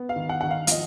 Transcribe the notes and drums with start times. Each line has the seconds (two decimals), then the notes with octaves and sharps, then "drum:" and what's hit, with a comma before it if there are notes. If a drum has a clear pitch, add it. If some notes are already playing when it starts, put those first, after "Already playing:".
Already playing: B3
0.09 F5
0.16 D#3
0.29 F#5
0.41 D#3 F#5
0.51 F5
0.67 F5, drum: hi-hat
0.71 F3 D#5